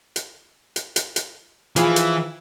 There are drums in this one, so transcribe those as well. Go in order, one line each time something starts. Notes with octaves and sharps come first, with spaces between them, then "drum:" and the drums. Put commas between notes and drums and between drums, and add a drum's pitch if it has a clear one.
drum: hi-hat
drum: hi-hat
drum: hi-hat
drum: hi-hat
E3 F3 F4 G#4, drum: hi-hat
drum: hi-hat